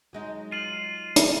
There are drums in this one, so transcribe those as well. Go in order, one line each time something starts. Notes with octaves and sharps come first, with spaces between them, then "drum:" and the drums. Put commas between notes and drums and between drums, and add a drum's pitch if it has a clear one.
F#3 G#3 D#4
F4 D#7 F#7
drum: hi-hat